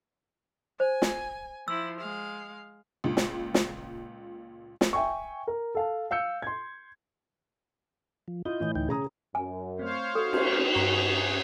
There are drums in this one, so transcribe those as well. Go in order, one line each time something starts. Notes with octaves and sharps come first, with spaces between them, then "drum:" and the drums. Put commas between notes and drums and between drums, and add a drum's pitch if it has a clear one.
C5 G#5
drum: snare
F3 E4 E6
G#3 F5
C#2 A#2
drum: snare
drum: snare
drum: snare
E5 G5 G#5 C#6
A#4
A4 F5 A5
F5 E6 G6 C#7
C6 G#6
F3
E4 F4 D#5 G6
A2 E3
D2 D#4 G5
C#3 G#4 A#5 D#6
F#2 G#5
A3 C4 C5 C#5 F5
D#4 F#4 A4
drum: cymbal
G2 G#4 A#5 C#6